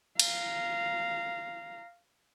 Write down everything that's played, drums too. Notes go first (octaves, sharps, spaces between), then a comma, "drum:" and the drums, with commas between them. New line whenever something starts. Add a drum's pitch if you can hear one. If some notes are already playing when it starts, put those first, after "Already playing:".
F5 A#5, drum: cymbal